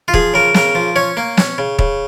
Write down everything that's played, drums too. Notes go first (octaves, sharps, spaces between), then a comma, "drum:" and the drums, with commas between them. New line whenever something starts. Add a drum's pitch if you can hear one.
F4
F3 G#4, drum: kick
C#3 A#4
C#3 A#4, drum: snare
F3
C#4 C#5
A#3
C#4, drum: snare
C#3
C#3, drum: kick